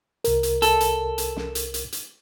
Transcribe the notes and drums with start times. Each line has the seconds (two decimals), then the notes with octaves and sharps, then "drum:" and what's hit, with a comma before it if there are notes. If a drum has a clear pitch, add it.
0.24 C2 A#4, drum: hi-hat
0.43 drum: hi-hat
0.62 A4, drum: hi-hat
0.80 drum: hi-hat
1.18 drum: hi-hat
1.36 drum: snare
1.55 drum: hi-hat
1.74 drum: hi-hat
1.92 drum: hi-hat